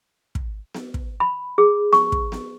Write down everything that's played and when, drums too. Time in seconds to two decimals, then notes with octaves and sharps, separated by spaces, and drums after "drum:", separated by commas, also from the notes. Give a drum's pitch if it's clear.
0.35 drum: kick
0.74 drum: snare B3
0.94 drum: kick
1.20 B5
1.58 G#4
1.93 C#6, drum: snare B3
2.12 drum: kick
2.32 drum: snare B3